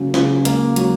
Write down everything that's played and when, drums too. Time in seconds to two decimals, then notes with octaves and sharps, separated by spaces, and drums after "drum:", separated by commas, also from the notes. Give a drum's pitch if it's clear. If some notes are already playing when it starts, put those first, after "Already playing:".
Already playing: C#3 F#3 A#3
0.14 C#3, drum: snare
0.45 A#3, drum: hi-hat
0.76 F#3, drum: hi-hat